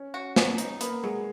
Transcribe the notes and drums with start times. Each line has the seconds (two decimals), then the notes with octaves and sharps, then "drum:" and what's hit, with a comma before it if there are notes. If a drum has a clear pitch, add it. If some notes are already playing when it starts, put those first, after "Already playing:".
Already playing: C#4
0.14 F#4
0.36 F#3 B3, drum: snare
0.58 D#4, drum: hi-hat
0.81 A#3 B3, drum: hi-hat
1.03 F#3 G#3